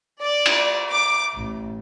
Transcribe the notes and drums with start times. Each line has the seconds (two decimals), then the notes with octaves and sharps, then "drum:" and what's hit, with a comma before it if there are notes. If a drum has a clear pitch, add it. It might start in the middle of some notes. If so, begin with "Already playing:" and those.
0.21 D5
0.46 drum: cymbal
0.92 D6
1.37 A1